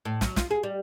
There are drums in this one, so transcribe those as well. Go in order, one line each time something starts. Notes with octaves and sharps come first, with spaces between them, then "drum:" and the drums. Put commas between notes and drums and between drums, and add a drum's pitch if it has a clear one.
A2
F#3, drum: snare
F4, drum: snare
G#4
G3